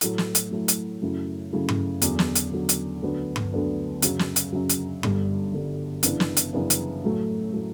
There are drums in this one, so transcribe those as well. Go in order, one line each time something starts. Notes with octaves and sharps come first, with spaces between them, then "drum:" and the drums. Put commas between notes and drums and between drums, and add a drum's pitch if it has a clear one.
A2 F#3 A3 E4, drum: hi-hat
drum: snare
drum: hi-hat
A2 F#3 A3 E4
drum: hi-hat
F#2 C#3 F#3 A3 E4
F#2 C#3 F#3 A3 E4
drum: tom G2
E2 D3 F#3, drum: hi-hat
drum: snare
drum: hi-hat
E2 D3 F#3
drum: hi-hat
D2 D3 F#3 B3 D4
drum: tom G2
D2 D3 F#3 B3 D4
F#2 C#3 F#3, drum: hi-hat
drum: snare
drum: hi-hat
F#2 C#3 F#3
drum: hi-hat
G1 G2 D3 G3, drum: tom G2
G1 G2 D3 G3
F#2 C#3 E3 B3 D4, drum: hi-hat
drum: snare
drum: hi-hat
F#2 C#3 E3 B3 D4
drum: hi-hat
A2 F#3 A3
A2 F#3 A3